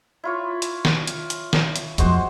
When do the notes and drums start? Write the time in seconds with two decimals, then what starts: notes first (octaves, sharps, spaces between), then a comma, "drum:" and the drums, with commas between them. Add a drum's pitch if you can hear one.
0.24 E4 F4 C#5
0.62 drum: hi-hat
0.85 drum: snare
1.07 drum: hi-hat
1.30 drum: hi-hat
1.53 drum: snare
1.76 drum: hi-hat
1.98 F2 F3 G#3 F#4 C5, drum: hi-hat